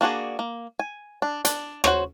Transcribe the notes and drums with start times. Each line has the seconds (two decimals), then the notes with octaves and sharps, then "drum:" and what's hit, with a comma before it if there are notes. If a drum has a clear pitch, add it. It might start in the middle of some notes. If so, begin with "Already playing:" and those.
0.01 A#3 D4 F#4 G#4
0.39 A#3
0.79 G#5
1.22 D4
1.45 D4, drum: hi-hat
1.84 F#4 C5 C#5, drum: rim click